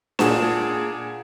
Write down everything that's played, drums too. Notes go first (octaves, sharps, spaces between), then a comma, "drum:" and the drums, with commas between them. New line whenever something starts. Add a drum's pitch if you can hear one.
A#2 G#4 F#5 A5 E7, drum: snare D4